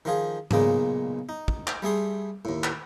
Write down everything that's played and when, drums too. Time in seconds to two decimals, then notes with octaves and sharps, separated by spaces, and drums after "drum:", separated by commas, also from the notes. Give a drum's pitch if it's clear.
0.05 D#3 F3 F4 G#4
0.51 B1 A#2 C#3 G#3 D#4 D5, drum: tom G#2
1.29 D#4
1.48 drum: kick
1.67 drum: clap
1.82 G3 A3 G#4 C6
2.45 D#2 A2
2.64 drum: clap